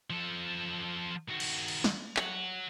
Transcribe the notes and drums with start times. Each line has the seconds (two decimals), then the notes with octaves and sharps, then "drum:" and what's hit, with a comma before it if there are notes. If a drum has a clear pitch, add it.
0.10 F3 A4
1.29 D#3 F#4
1.40 drum: cymbal
1.68 drum: cymbal
1.84 drum: snare
2.17 C#5 F#5, drum: clap